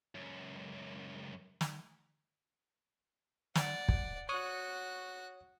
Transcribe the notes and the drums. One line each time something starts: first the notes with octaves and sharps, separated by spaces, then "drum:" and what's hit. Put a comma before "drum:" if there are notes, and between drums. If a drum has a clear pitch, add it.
C#2 F#2
drum: snare
D5 F#5, drum: snare
drum: kick
F#4 C#5 C#6 D#6 F#6